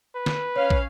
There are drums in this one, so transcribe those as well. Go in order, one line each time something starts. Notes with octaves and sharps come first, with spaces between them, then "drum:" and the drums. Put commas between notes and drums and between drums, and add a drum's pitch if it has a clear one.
B4
drum: snare
C#4 C#5 F5
drum: kick